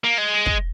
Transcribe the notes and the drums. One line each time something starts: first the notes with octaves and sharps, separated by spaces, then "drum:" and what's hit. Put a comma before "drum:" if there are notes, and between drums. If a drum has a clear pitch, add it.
A#3
G#3
drum: kick